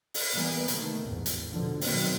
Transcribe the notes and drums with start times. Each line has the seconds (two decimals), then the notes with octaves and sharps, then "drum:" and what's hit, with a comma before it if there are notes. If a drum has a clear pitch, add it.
0.14 drum: open hi-hat
0.33 E3 G3 A#3 B3
0.68 C3 D#3 A3 A#3, drum: hi-hat
1.06 A1 E2 G#2
1.26 drum: hi-hat
1.50 B2 D3 F3
1.81 B2 D#3 F#3 A#3 C4, drum: open hi-hat